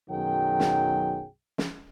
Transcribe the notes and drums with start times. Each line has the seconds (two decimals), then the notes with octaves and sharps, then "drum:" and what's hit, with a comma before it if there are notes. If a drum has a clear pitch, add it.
0.10 B1 F#2 D#3 F#3 G#4 G5
0.60 drum: snare
1.58 drum: snare